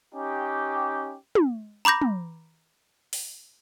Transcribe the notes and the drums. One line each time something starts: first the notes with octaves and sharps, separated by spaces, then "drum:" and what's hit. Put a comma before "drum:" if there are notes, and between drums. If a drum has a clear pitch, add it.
C#4 D#4 G4
drum: tom
A#5 B5 D6 G6 A#6
drum: tom
drum: open hi-hat